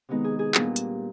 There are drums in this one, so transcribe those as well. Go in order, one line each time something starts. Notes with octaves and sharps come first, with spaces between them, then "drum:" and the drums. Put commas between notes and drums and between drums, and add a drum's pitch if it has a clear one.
C3 D#3 G#3 B3 D#4
G#4
G#4
A#2 G3 B3 D4, drum: clap
drum: hi-hat